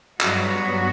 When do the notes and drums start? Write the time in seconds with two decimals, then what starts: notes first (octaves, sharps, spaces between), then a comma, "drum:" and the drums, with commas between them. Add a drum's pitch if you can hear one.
0.20 G2 F#3 B3 F#4, drum: clap